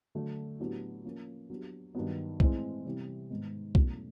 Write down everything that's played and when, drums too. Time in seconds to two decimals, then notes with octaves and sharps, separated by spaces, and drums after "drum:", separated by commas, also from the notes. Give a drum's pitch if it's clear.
0.15 D3 F#3 A3
0.60 A2 F#3 B3 D4 G4
1.05 F3 A#3 C#4
1.50 F#3 B3 D4 G4
1.95 G2 D#3 F#3 B3
2.40 A2 E3 G#3 C4, drum: kick
2.85 C3 E3 G3 B3
3.30 G#2 D#3 G#3 B3 D#4
3.75 E2 B2 F#3 A3 C#4, drum: kick